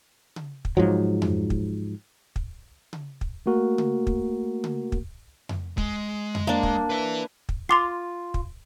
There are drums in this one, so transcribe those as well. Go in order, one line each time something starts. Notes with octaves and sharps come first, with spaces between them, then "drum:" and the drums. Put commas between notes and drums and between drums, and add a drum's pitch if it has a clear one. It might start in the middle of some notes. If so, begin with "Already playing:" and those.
drum: tom C#3
drum: kick
G#2 F3 F#3
drum: tom F2
drum: kick
drum: kick
drum: tom C#3
drum: kick
A3 A#3 F#4 A#4
drum: tom C#3
drum: kick
drum: tom C#3
drum: kick
drum: tom F2
G#3, drum: kick
drum: tom F2
A#3 D4
drum: kick
B4 E5
drum: kick
F4 C6 D6 C7
drum: kick